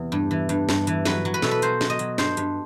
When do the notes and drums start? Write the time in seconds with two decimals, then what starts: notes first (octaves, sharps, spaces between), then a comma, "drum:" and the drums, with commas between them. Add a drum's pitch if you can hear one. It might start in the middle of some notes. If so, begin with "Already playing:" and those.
Already playing: E2 C3 E3
0.12 G2
0.31 E3
0.49 G2, drum: hi-hat
0.69 G2, drum: snare
0.87 E3, drum: hi-hat
1.05 F#3 B4, drum: snare
1.25 F#3
1.34 B4
1.42 B2 A4, drum: snare
1.51 B4
1.62 F#3 C5, drum: hi-hat
1.81 F#3, drum: snare
1.90 D#5
1.99 F#3, drum: hi-hat
2.18 G2 C5, drum: snare
2.37 G2, drum: hi-hat